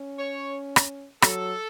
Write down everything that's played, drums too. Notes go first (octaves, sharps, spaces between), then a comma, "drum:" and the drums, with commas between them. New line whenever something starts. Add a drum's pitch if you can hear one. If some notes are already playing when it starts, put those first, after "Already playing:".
Already playing: C#4
C#5
drum: rim click
F#3 A4, drum: rim click